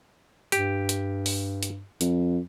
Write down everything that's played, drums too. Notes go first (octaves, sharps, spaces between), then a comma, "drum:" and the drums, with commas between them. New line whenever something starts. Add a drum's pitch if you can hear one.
G2 G4, drum: hi-hat
drum: hi-hat
drum: open hi-hat
drum: hi-hat
F2, drum: hi-hat